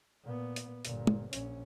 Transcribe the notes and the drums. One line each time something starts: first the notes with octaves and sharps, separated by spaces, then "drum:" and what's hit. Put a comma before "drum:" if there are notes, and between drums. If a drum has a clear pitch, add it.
A#2 B3
drum: hi-hat
G1 A#2, drum: hi-hat
drum: tom
A#1 C#4, drum: hi-hat